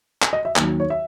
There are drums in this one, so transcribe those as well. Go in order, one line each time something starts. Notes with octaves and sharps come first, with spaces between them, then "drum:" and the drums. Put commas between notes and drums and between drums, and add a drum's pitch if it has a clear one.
G#5, drum: clap
D#5
E5
D#2 D#3 F#3, drum: clap
C#5
E5